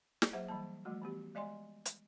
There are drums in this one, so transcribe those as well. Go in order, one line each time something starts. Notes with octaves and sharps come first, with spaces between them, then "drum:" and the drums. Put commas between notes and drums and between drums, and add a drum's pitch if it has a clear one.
drum: snare
F#3 A#3 G#4 C5 E5 F#5
E3 G3 A#3 A5
F3 G3 A3 F#4
E3 B3 G4
G#3 D5 D#5 G#5 C6
drum: hi-hat